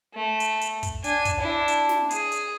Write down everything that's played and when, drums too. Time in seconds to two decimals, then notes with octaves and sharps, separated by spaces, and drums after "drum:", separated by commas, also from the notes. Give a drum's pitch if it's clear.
0.15 A3
0.40 drum: hi-hat
0.61 drum: hi-hat
0.83 drum: kick, hi-hat
1.04 D4 G#5, drum: hi-hat
1.25 drum: kick, hi-hat
1.40 D4 E4
1.68 drum: hi-hat
1.89 drum: snare
2.11 G#4, drum: hi-hat
2.32 drum: hi-hat